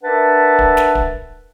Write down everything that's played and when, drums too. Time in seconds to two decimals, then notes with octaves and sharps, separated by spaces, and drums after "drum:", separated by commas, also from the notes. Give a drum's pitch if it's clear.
0.04 D4 A#4 B4 E5 F#5 A5
0.59 drum: kick
0.77 drum: snare
0.95 drum: kick